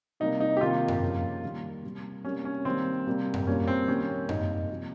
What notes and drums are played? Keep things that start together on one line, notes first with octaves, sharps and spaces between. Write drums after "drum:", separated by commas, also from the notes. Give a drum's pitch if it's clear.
C3 G3 A#3 D#4
D#4
G4
C3 D#3 A#3 F4
drum: tom F#2
C#3 F3 A#3
D#3 G3 A#3
C3 G3 A#3
C3 G3 A#3 C#4
C#4
D#3 G3 A#3 C4
C3 G3 A#3
drum: tom F#2
A#2 G3 A#3 C#4
C4
D#3 G3 A#3 C#4
C3 G3 A#3 D#4, drum: tom F#2
C3 F3 A#3